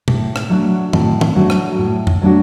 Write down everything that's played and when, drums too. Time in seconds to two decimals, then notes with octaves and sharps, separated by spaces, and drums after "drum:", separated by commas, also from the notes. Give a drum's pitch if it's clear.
0.08 A2, drum: tom
0.36 drum: rim click
0.50 F#3 A3 D4 F#4
0.93 A2, drum: tom
1.21 drum: tom
1.35 F#3 A3 D4 F#4
1.50 drum: rim click
1.78 A2
2.07 drum: tom F2
2.22 F#3 A3 D4 F#4